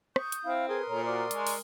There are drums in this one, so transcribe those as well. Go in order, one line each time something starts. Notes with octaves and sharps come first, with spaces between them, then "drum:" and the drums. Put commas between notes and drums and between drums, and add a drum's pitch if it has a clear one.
C#6 D#6 G6, drum: rim click
drum: hi-hat
C4 E4 F5
G#4 A#4 B4 C6 D#6
A#2 A4 C#5 A#5
F#4 C5 D5
G#3 A#5 C#6, drum: hi-hat
drum: open hi-hat